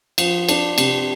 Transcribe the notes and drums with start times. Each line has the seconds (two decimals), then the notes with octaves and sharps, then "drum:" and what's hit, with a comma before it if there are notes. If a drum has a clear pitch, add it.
0.18 F3, drum: cymbal
0.49 D4, drum: cymbal
0.78 C3, drum: cymbal